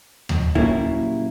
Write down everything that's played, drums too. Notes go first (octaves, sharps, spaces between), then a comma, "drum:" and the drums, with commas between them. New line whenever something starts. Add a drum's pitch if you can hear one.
drum: tom D#2
A#2 C#3 F#3 G3 A#3 E4, drum: kick